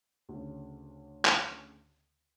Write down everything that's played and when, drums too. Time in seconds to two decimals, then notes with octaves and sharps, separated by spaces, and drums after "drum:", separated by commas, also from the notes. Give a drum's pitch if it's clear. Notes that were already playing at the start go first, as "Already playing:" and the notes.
0.29 D2 C#3
1.25 drum: clap